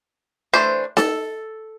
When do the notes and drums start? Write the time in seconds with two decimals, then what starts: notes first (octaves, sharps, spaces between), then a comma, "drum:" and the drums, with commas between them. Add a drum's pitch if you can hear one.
0.53 E3 A3 D4 C5
0.97 A4, drum: snare D#4